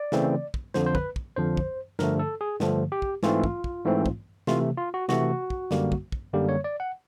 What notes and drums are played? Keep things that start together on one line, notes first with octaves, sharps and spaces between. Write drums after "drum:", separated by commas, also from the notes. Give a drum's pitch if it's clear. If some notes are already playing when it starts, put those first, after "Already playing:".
Already playing: D5
C#3 E3 A3 C4, drum: snare
drum: kick
F2 D3 F3 C5, drum: snare
C5
B4, drum: kick
drum: kick
F2 D3 F3 C5
drum: kick
G2 D3 F3 A3 A#4, drum: snare
A4
G#4
G2 D3 F3 A3, drum: snare
G4
drum: kick
G#2 E3 A3 C4 F4, drum: snare
drum: kick
drum: kick
G#2 E3 A3 C4
drum: kick
C3 E3 A3 F4, drum: snare
F4
F#4
C3 E3 A3 F#4, drum: snare
drum: kick
F#2 D3 G3 A#3, drum: snare
drum: kick
drum: kick
F#2 D3 G3 A#3 G4
C#5
D5
F#5